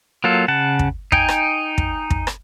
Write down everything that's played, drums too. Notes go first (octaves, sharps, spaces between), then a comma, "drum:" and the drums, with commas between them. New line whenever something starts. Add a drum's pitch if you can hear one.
F#3 A#3 F4 A4
C#3 F#5 A5
drum: kick
D#4 G5 G#5, drum: kick
drum: rim click
drum: kick
drum: kick
drum: rim click